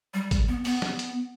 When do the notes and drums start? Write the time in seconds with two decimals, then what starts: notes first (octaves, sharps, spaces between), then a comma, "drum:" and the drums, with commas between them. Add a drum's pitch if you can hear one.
0.14 G3
0.31 G3, drum: kick G#1, hi-hat
0.48 B3
0.65 B3, drum: open hi-hat
0.82 drum: snare
0.99 drum: hi-hat